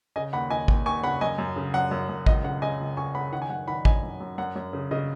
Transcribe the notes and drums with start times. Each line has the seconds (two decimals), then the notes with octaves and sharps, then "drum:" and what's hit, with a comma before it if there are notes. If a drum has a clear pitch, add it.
0.16 C#3 D#5 G#5
0.33 D#2 F#5 B5
0.50 D#2 D#5 G#5
0.68 D#2, drum: kick
0.86 D#2 G#5 C#6
1.03 C#3 F#5 B5
1.21 F#2 D#5 G#5
1.38 F#2
1.56 C#3
1.74 F#2 F#5
1.91 F#2
2.09 F#2
2.26 C#2 D#5, drum: kick
2.44 C#3 F#5
2.62 C#3 D#5 G#5
2.79 C#2
2.97 C#3 G#5 C#6
3.15 C#3 F#5 B5
3.32 D#3 F#5
3.42 G#5
3.50 F#2 F#5
3.67 D#3 F#5 B5
3.85 F#2 D#5 G#5, drum: kick
4.03 F#2
4.20 F#2
4.38 F#2 F#5
4.56 F#2
4.73 C#3
4.91 C#3 D#5